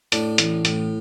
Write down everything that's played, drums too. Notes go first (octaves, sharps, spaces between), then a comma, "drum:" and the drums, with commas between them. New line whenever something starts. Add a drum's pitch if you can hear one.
A2 D4, drum: hi-hat
A1, drum: hi-hat
A2, drum: hi-hat